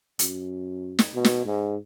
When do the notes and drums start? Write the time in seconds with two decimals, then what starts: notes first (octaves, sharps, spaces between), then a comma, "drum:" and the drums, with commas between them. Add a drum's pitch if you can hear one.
0.19 F#2, drum: hi-hat
0.99 drum: snare
1.14 B2
1.25 drum: snare
1.45 G#2